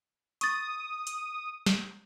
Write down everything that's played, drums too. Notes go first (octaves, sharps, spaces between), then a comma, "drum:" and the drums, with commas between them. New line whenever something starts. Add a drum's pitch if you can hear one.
C#6 D#6 A6, drum: hi-hat
drum: hi-hat
drum: snare